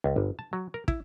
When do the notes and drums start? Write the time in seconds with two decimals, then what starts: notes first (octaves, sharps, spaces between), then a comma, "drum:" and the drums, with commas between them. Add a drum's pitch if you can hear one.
0.04 C#2
0.16 G1
0.39 A5
0.53 F#3
0.74 A#4
0.88 E4, drum: kick